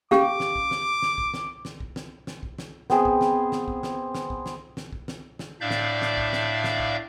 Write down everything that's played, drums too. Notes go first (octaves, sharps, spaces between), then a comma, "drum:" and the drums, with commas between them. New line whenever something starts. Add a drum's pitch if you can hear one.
C#4 G4 F5 D6, drum: snare
drum: snare
drum: kick
drum: snare
drum: snare
drum: kick
drum: snare
drum: snare
drum: kick
drum: snare
drum: snare
drum: kick
drum: snare
B3 C4 G#4, drum: snare
drum: kick
drum: snare
drum: snare
drum: kick
drum: snare
drum: snare
drum: kick
drum: snare
drum: snare
drum: kick
drum: snare
drum: snare
A2 D4 D5 E5 F5 G6
drum: snare
drum: snare
drum: kick
drum: snare
drum: snare
drum: kick